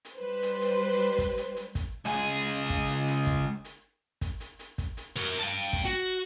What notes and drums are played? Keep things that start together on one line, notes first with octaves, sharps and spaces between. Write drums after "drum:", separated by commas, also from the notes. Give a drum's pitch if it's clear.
drum: hi-hat
G3 B4 C5
drum: hi-hat
drum: hi-hat
drum: kick, hi-hat
drum: hi-hat
drum: hi-hat
drum: kick, hi-hat
C#2 G#4
drum: kick, hi-hat
drum: hi-hat
drum: hi-hat
drum: kick, hi-hat
drum: hi-hat
drum: kick, hi-hat
drum: hi-hat
drum: hi-hat
drum: kick, hi-hat
drum: hi-hat
A#4 C#5, drum: hi-hat
G5 A5
drum: kick, hi-hat
F#4